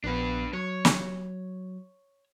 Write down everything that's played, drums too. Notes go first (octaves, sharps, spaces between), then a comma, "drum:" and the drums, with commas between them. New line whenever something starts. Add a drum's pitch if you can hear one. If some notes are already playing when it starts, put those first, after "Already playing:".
A#1 B3 D4 B4
F#3 C#5
drum: snare